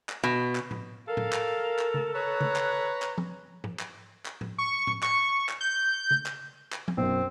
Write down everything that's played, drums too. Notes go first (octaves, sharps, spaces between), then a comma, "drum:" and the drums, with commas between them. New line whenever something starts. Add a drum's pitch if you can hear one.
drum: clap
B2
drum: clap
drum: tom A2
A4 A#4 F5
drum: tom A2
drum: clap
drum: clap
drum: tom C#3
B4 C#5 A#5 F#6
drum: tom C#3
drum: clap
drum: clap
drum: tom F3
drum: tom G#2
drum: clap
drum: clap
drum: tom A2
C#6
drum: tom A2
C#6, drum: clap
drum: clap
G6
drum: tom C#3
drum: clap
drum: clap
drum: tom F3
B1 F#2 C4